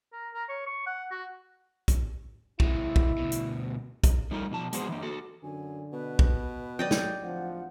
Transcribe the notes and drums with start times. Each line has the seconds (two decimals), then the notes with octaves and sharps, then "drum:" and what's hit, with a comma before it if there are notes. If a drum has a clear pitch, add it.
0.13 A#4
0.34 A#4
0.49 C#5
0.67 C#6
0.86 F#5
1.11 F#4
1.88 drum: kick, hi-hat
2.60 C3 G#3 E4, drum: kick
2.96 drum: kick
3.18 D2 B2
3.32 drum: hi-hat
4.04 drum: kick, hi-hat
4.31 D3 G3 A3 D#4 A4 A#4
4.51 B2 F3 A5
4.73 G#3 B3 F#4 G#4 C5, drum: hi-hat
4.89 E3 A#3
5.02 F#4 A4
5.43 F#2 D3 G#5
5.93 B2 B4
6.19 drum: kick
6.79 F#3 D5 D#5 G5
6.91 drum: snare
7.23 D1 F3 F#5